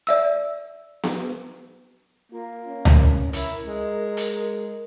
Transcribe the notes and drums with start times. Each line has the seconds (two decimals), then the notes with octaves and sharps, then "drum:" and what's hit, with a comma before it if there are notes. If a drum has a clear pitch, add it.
0.07 D5 E5 E6
1.03 drum: snare B3
2.32 A#3 F4
2.67 C#4
2.85 drum: tom C#2
3.33 E4 A#4, drum: hi-hat
3.66 G#3
4.17 drum: hi-hat